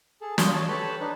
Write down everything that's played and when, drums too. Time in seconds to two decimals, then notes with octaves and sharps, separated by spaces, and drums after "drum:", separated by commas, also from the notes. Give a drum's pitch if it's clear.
0.21 G#4 A4
0.38 D4 D#5 C6 G6, drum: snare
0.54 C#5 A5
0.68 G4 A4 B4 C#5 A5 B5
1.00 D4 D#4 B4